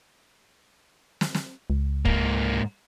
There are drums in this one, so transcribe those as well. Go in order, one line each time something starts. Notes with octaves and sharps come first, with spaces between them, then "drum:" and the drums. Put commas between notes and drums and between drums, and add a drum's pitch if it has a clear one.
drum: snare
drum: snare
C#2
G#2 A#3, drum: kick